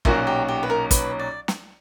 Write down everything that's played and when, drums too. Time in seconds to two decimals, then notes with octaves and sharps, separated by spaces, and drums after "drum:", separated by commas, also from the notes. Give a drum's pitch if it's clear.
0.05 B1 A#2 F#3 C#4 F#4 A#4, drum: kick
0.27 G4
0.48 G4
0.63 B4
0.70 A#4
0.91 B4, drum: kick, hi-hat
1.19 D5
1.48 drum: snare